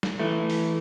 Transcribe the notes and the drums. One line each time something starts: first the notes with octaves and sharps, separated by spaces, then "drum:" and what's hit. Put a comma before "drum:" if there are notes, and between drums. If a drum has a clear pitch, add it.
drum: snare
E3 A3
drum: open hi-hat